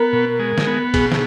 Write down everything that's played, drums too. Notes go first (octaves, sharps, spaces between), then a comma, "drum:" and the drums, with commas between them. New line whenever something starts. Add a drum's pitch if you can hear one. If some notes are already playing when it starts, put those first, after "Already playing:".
Already playing: B3 A#4
B2
G#3
drum: snare
B3
B2 G#4, drum: kick A#1, cymbal
drum: snare